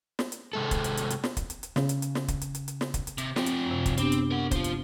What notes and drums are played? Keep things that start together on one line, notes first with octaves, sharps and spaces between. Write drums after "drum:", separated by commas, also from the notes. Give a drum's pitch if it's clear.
drum: snare
drum: hi-hat
C3 G#3 A4
drum: kick, hi-hat
drum: hi-hat
drum: hi-hat
drum: hi-hat
drum: snare
drum: kick, hi-hat
drum: hi-hat
drum: hi-hat
C#3, drum: snare
drum: hi-hat
drum: hi-hat
drum: snare
drum: kick, hi-hat
drum: hi-hat
drum: hi-hat
drum: hi-hat
drum: snare
drum: kick, hi-hat
drum: hi-hat
C3, drum: hi-hat
F3 C4 G4, drum: snare
drum: hi-hat
F#2 C3
drum: kick, hi-hat
B3 C4 D4 G4, drum: hi-hat
drum: hi-hat
A#4 F#5
F4 C5, drum: kick, hi-hat
drum: hi-hat